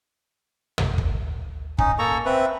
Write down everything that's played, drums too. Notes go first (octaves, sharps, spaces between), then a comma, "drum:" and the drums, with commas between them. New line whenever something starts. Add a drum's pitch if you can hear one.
drum: tom
drum: kick
C#4 D#4, drum: kick
A#3 A4 A#5 C#6
C4 B4 E5